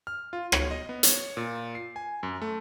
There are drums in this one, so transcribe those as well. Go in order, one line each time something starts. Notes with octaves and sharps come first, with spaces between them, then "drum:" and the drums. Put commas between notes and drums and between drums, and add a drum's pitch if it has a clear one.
F6
F4
C#5, drum: rim click
D#5
B3
C#5, drum: hi-hat
A#2
C7
G#5
F#2
A3